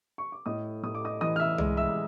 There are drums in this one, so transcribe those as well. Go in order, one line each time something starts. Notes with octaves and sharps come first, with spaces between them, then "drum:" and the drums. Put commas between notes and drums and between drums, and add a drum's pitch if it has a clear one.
C#6
D6
A2 D#5 D#6
A2 D#6
D6
D#5 D#6
E3 D#5 D#6
F6
E5 E6
G#3, drum: tom C2
E5 E6